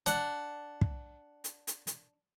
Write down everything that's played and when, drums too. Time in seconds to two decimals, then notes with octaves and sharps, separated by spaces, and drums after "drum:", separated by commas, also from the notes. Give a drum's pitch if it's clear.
0.06 D4 F#5, drum: hi-hat
0.81 drum: kick
1.44 drum: hi-hat
1.67 drum: hi-hat
1.87 drum: hi-hat